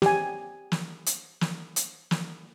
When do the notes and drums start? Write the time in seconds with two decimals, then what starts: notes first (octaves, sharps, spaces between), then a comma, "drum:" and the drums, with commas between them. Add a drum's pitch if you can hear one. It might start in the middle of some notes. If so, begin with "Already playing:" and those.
0.02 G4 G#5, drum: snare
0.72 drum: snare
1.06 drum: hi-hat
1.41 drum: snare
1.76 drum: hi-hat
2.11 drum: snare